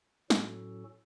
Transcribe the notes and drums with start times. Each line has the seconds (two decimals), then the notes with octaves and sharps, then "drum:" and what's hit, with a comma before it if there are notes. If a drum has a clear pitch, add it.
0.30 A2 F#3 C#4 F#4 A4, drum: snare